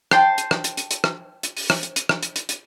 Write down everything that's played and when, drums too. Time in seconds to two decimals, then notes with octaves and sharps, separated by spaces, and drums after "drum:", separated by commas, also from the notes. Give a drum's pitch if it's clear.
0.11 G5 A5 C6 G6, drum: rim click
0.38 drum: hi-hat
0.51 drum: rim click
0.64 drum: hi-hat
0.77 drum: hi-hat
0.91 drum: hi-hat
1.04 drum: rim click
1.43 drum: hi-hat
1.57 drum: open hi-hat
1.70 drum: rim click
1.83 drum: hi-hat
1.96 drum: hi-hat
2.09 drum: rim click
2.23 drum: hi-hat
2.36 drum: hi-hat
2.49 drum: hi-hat